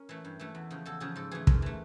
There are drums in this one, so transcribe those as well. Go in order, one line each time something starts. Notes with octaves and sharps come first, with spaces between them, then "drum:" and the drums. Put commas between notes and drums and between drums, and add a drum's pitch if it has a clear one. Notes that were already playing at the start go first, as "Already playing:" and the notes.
Already playing: C#4 A#4
E3 A3
G2
E3 A3
E2
C#3 F3
E2 A4
C#3 F3 G#4
G#2 A4
E3 A3 G#4
G#2 A#4, drum: kick
E3 A3